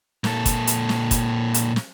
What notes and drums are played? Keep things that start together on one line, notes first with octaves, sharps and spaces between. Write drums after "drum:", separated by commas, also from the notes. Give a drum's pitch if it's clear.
A#2 A4, drum: snare
drum: kick, hi-hat
drum: hi-hat
drum: snare
drum: kick, hi-hat
drum: hi-hat
drum: snare